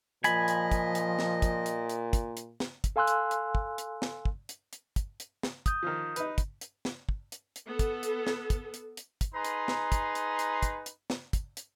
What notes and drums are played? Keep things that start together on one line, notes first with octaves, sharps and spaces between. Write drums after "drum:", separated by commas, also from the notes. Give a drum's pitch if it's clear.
A#2 F3 D#5 G#5 B5, drum: hi-hat
drum: hi-hat
drum: kick, hi-hat
drum: hi-hat
drum: snare
drum: kick, hi-hat
drum: hi-hat
drum: hi-hat
drum: kick, hi-hat
drum: hi-hat
drum: snare
drum: kick, hi-hat
A4 F5 G#5 C6 E6 F#6
drum: hi-hat
drum: hi-hat
drum: kick
drum: hi-hat
drum: snare
drum: kick
drum: hi-hat
drum: hi-hat
drum: kick, hi-hat
drum: hi-hat
drum: snare
D#6 G6, drum: kick, hi-hat
D#3 F3
D#4 B4, drum: hi-hat
drum: kick, hi-hat
drum: hi-hat
drum: snare
drum: kick
drum: hi-hat
drum: hi-hat
B3 A4
drum: kick, hi-hat
drum: hi-hat
drum: snare
drum: kick, hi-hat
drum: hi-hat
drum: hi-hat
drum: kick, hi-hat
D#4 G#4 B4 A#5 C6
drum: hi-hat
drum: snare
drum: kick, hi-hat
drum: hi-hat
drum: hi-hat
drum: kick, hi-hat
drum: hi-hat
drum: snare
drum: kick, hi-hat
drum: hi-hat